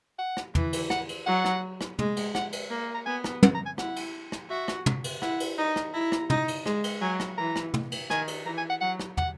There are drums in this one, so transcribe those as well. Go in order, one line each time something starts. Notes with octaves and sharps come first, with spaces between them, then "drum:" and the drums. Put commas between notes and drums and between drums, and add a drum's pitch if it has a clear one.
F#5
drum: rim click
E3, drum: tom
drum: cymbal
F#5, drum: rim click
drum: cymbal
F#3 F#5
drum: rim click
drum: rim click
G#3, drum: tom
drum: cymbal
F#5, drum: rim click
drum: cymbal
A#3
A#5
B3 G#5
drum: rim click
F#5, drum: tom
A#5
G#5
E4 F#5, drum: rim click
drum: cymbal
drum: rim click
F#4 E5
drum: rim click
drum: tom
drum: cymbal
E4 F#5, drum: rim click
drum: cymbal
D#4
drum: rim click
E4 A#5
drum: rim click
D#4, drum: tom
drum: cymbal
G#3, drum: rim click
drum: cymbal
F#3 G#5
drum: rim click
E3 A#5
drum: rim click
drum: tom
drum: cymbal
D#3 G#5, drum: rim click
drum: cymbal
E3 A#5
G#5
F#5
F#3 F#5
drum: rim click
F#5, drum: tom